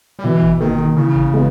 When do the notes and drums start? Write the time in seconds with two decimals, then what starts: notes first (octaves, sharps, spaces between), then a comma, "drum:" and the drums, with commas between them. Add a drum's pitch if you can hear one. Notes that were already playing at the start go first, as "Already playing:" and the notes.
0.19 G3
0.24 B2 E3
0.42 drum: kick G#1
0.60 D#3 A#3 D#4
0.96 C#3 E3
1.15 drum: kick G#1
1.34 G#3 B3